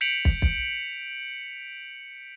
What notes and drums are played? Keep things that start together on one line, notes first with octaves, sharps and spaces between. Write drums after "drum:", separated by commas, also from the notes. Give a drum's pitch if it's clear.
G6 B6 C#7 D7 F7 F#7
drum: kick
drum: kick